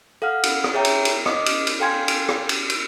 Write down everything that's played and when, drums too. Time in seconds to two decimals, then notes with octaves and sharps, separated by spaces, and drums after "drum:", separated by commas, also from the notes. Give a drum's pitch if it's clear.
0.22 A4 F5 F#5 F6
0.43 drum: cymbal
0.64 drum: rim click
0.74 G#4 C#5 E5 G5 A#5
0.85 drum: cymbal
1.05 drum: cymbal
1.26 D#5 D6 D#6, drum: rim click
1.46 drum: cymbal
1.67 drum: cymbal
1.80 A4 F5 G5 G#5 C6 G#6
2.08 drum: cymbal
2.28 drum: rim click
2.49 drum: cymbal
2.70 drum: cymbal